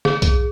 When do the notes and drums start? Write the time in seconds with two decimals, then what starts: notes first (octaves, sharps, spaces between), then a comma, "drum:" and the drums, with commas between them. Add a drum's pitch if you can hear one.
0.05 G#4, drum: snare
0.22 drum: kick B1, hi-hat